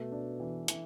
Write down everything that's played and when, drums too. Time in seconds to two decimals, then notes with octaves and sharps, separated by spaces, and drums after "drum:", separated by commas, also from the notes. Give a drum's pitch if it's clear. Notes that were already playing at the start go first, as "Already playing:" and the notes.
Already playing: B2 A3
0.12 D4
0.40 E3
0.68 E3, drum: hi-hat